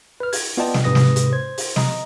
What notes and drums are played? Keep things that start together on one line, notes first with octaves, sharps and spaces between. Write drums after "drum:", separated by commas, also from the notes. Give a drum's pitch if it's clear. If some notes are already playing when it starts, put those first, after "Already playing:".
B4 F6
G#6, drum: open hi-hat
B3 F4 D5 D#5 G5 A5
drum: snare
G#2 C3 B4 D#6 A#6
drum: snare
drum: hi-hat
C5 G#6
drum: open hi-hat
D#5 A#5, drum: snare